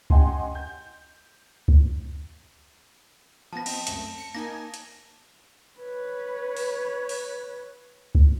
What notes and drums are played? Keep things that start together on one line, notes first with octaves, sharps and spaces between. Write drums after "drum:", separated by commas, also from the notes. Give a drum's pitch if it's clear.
C#4 G4 D#5 F#5 G#5 C6, drum: kick C#2
G6
drum: kick C#2
F3 B3 A5 A#6
C4 D#5, drum: cymbal
C#2 F#2 A3, drum: hi-hat
C#7
A#3 D#4 G#5 A#6
drum: hi-hat
B4 C#5
drum: open hi-hat
drum: open hi-hat
drum: kick C#2